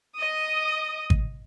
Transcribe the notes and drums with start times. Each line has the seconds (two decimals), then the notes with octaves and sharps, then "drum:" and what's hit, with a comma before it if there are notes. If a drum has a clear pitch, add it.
0.16 D#5 D#6
1.10 drum: kick